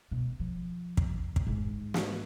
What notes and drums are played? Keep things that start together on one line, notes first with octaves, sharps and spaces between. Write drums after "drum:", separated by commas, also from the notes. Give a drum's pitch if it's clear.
B2
F3
drum: kick
drum: kick
G#2 G#3
drum: snare